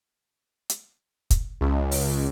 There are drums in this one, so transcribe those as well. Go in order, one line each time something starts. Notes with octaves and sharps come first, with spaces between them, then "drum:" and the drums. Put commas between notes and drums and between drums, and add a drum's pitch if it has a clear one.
drum: hi-hat
drum: kick, hi-hat
C#2
drum: open hi-hat